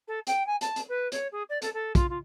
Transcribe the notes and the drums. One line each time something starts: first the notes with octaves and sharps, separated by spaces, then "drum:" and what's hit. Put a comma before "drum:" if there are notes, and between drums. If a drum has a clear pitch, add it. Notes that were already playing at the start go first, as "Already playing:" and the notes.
A4
G5, drum: hi-hat
G#5
A5, drum: hi-hat
drum: hi-hat
B4
C#5, drum: hi-hat
G#4
D5
A4, drum: hi-hat
A4
F4, drum: kick, hi-hat
F4